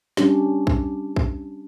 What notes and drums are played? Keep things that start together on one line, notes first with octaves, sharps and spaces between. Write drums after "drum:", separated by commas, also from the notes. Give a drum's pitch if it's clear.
G3 C#4 D4 G4, drum: snare
drum: kick
drum: kick